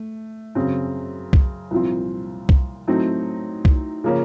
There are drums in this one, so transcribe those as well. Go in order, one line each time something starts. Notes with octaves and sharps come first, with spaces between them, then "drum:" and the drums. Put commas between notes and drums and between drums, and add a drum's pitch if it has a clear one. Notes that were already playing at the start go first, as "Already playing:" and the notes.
Already playing: A3
F#2 C#3 F#3 C4
drum: kick C2
C2 A#2 F3 C4 F4
drum: kick C2
A2 F#3 A3 C4 D#4
drum: kick C2
C#3 F3 A#3 C#4